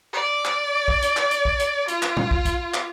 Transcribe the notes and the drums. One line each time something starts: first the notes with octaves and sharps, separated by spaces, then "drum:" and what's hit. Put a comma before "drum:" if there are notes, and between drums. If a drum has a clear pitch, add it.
D5
drum: clap
drum: kick
drum: hi-hat
drum: clap
drum: hi-hat
drum: kick
drum: hi-hat
F4, drum: hi-hat
drum: clap
drum: tom A#2
drum: kick
drum: kick, hi-hat
drum: clap